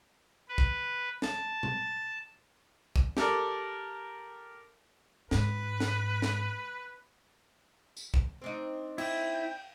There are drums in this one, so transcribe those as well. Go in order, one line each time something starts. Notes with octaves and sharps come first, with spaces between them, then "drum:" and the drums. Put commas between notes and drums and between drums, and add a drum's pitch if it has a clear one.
B4
drum: kick
A5, drum: snare
drum: tom A#2
drum: kick
G4 A4 A#4 D5, drum: snare
G#2 B4, drum: snare
drum: snare
drum: snare
drum: tambourine
drum: kick
C4 D4 D#4
E4 G5, drum: cymbal